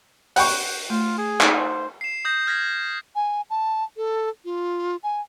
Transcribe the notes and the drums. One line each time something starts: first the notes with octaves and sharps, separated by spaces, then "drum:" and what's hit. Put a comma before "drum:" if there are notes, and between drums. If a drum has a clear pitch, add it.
D5 F#5 G5 B5 C#6, drum: open hi-hat
A3 F4
G#4
D#4, drum: clap
C5
C7 E7
D#6 G6 A#6
F6 G#6 A#6 B6
G#5
A5
A4
F4
G#5